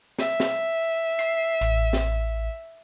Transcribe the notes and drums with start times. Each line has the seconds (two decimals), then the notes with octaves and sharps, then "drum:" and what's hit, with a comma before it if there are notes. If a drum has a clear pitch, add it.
0.18 E5, drum: snare
0.40 drum: snare
1.19 C7, drum: hi-hat
1.61 A1, drum: hi-hat
1.93 drum: snare